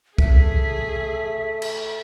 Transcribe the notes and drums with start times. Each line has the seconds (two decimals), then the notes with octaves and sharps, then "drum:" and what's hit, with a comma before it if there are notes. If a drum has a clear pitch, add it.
0.18 A3 G#4 E5 B6, drum: kick C2
1.62 drum: cymbal